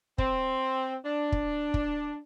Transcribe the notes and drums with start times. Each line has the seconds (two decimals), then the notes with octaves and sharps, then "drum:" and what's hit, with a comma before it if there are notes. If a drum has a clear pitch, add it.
0.18 C4, drum: kick
1.05 D4
1.32 drum: kick
1.74 drum: kick